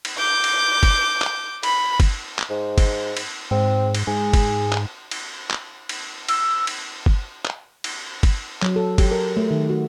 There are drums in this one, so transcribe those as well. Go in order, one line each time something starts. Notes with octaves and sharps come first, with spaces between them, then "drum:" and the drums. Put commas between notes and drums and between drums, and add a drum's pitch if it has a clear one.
drum: cymbal
D6 G6
drum: cymbal
drum: kick G1, cymbal
drum: clap
B5, drum: cymbal
drum: kick G1, cymbal
drum: clap
G#2
drum: kick G1, cymbal
drum: cymbal
G#2 C4
drum: cymbal
G#2 G#4
drum: kick G1, cymbal
drum: clap
drum: cymbal
drum: clap
drum: cymbal
E6, drum: cymbal
drum: cymbal
drum: kick G1
drum: clap
drum: cymbal
drum: kick G1, cymbal
F#3, drum: clap
A4
G4, drum: kick G1, cymbal
A#4
A3
D#3
F#4